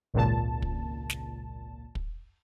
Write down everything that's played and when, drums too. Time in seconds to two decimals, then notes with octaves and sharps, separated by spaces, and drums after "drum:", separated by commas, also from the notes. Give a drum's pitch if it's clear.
0.14 G#1 C#2 A#2 A5
0.62 drum: kick
1.10 drum: snare
1.95 drum: kick